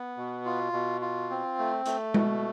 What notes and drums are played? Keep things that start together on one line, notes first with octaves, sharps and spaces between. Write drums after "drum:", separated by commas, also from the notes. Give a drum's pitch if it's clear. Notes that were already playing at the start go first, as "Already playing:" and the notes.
Already playing: B3
B2
F4
B2
F4
C4
A3
A3, drum: hi-hat
B2, drum: tom G#3